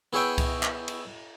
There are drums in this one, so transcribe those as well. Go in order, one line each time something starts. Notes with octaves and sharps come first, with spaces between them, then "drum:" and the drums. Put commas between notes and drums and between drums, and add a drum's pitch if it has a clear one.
B3 E4 G#4 C#5 E5 G5
drum: kick C2, cymbal
drum: clap
drum: cymbal